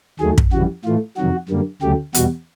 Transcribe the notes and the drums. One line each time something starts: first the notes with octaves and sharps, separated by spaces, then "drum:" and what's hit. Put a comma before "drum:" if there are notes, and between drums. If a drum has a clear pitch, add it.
D#2 D#3 F#3 A3 G#4
drum: kick
F2 C#3 E3 G3 F#4
A2 E3 A3 F4
F2 C3 D#3 F#3 F#4
F#2 D3 G3 A#3
D2 C#3 F#3 A3 G4
E2 B2 G3 F#4, drum: hi-hat